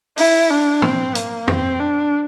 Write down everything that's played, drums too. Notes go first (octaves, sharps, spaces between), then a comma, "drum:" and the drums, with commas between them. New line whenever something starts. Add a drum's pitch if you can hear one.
E4, drum: open hi-hat
D4
C4, drum: tom
A#3, drum: hi-hat
C4, drum: tom F2
D4